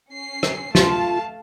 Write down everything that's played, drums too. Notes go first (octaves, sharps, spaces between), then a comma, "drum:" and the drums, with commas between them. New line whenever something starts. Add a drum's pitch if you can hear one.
C#4 C7
drum: rim click
A3 F4 F5 A5, drum: snare